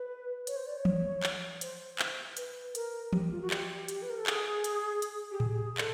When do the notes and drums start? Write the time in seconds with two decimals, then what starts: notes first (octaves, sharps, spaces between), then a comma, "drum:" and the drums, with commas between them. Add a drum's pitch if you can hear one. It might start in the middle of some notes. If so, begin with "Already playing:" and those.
Already playing: B4
0.47 C#5, drum: hi-hat
0.56 C5
0.66 D5
0.76 C#5
0.85 drum: tom E3
1.23 drum: clap
1.61 C5, drum: hi-hat
1.99 drum: clap
2.37 B4, drum: hi-hat
2.75 A#4, drum: hi-hat
3.13 G4, drum: tom E3
3.31 F4
3.41 F#4
3.51 G4, drum: clap
3.88 drum: hi-hat
4.02 B4
4.10 A#4
4.19 A4
4.27 G#4, drum: clap
4.64 drum: hi-hat
5.02 drum: hi-hat
5.31 G4
5.40 G#4, drum: tom A2
5.78 A4, drum: clap